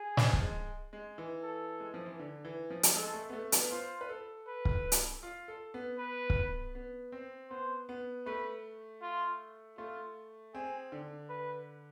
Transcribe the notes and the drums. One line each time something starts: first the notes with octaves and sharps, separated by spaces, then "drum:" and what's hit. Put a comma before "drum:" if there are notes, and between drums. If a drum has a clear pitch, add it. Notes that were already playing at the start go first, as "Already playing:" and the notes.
Already playing: G#4
F3, drum: snare
drum: kick
G#3
G#3
E3
A4
G#3
F3
E3
D3
E3
F3
drum: hi-hat
G#3 A4
A3
B3
A3
B3, drum: hi-hat
F4 C5
B4
A4
B4
drum: kick
drum: hi-hat
F4
A4
B3
B4
drum: kick
B3
C4
B3 C5
B3
A3 B4
F4
A3 F4
C4 G#4
D3
B4